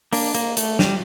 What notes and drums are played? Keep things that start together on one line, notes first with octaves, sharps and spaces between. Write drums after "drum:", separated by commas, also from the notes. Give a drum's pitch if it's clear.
A#3 D4, drum: open hi-hat
A#3, drum: hi-hat
A3, drum: hi-hat
G3, drum: snare